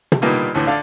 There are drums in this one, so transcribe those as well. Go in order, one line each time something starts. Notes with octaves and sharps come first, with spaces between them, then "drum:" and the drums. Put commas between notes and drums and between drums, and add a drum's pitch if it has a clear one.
drum: tom
A#2 D3 G3 A#3 B3 D#4
D2 A2 D3 E3
D3 D5 F5